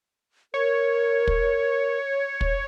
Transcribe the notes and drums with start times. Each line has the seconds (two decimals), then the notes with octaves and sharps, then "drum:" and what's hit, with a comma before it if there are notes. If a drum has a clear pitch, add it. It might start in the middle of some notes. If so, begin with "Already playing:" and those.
0.54 A#4 C#5
1.27 drum: kick
2.41 drum: kick